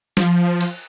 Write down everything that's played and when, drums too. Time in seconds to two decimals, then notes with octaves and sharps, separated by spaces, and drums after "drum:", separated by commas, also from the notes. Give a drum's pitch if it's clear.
0.17 F3, drum: snare
0.61 drum: cymbal